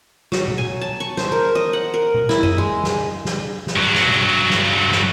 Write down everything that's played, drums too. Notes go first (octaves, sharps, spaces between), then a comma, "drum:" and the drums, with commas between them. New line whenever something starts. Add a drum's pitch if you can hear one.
F#3, drum: snare
drum: tom B2
G#5
A5
C#6
C5, drum: snare
A#4
D#5
F#5
A#4
drum: tom B2
E4, drum: snare
D#5, drum: tom F#2
G#3
drum: snare
drum: snare
drum: snare
G2 F#3
drum: snare
drum: tom B2
drum: snare
drum: snare